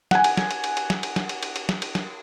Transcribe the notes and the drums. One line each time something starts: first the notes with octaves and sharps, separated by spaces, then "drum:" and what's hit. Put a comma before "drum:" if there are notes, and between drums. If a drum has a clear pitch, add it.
F#5 G#5, drum: snare
drum: cymbal
drum: snare
drum: cymbal
drum: cymbal
drum: cymbal
drum: snare
drum: cymbal
drum: snare
drum: cymbal
drum: cymbal
drum: cymbal
drum: snare
drum: cymbal
drum: snare